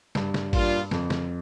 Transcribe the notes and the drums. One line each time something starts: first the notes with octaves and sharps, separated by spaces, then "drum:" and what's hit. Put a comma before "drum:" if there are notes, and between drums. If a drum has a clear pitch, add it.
G2, drum: snare
drum: snare
A#2 G3 D4 F4, drum: kick A1, open hi-hat
F2, drum: snare
drum: snare